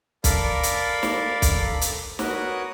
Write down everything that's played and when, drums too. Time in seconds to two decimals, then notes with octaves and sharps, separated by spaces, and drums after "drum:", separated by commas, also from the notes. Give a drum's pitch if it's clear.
0.24 A4 A#4 D5 F5 B5, drum: kick B1, hi-hat
0.63 drum: hi-hat
1.03 drum: snare
1.42 drum: kick B1, hi-hat
1.81 drum: hi-hat
2.19 F#4 A#4 B4 C#5 D#6 F#6, drum: snare